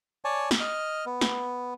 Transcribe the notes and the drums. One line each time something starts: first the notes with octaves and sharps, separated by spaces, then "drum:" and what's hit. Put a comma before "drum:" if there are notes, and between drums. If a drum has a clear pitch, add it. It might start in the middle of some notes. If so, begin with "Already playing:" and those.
C#5 D5 G#5 A5
drum: snare
D#5 F6
B3
drum: snare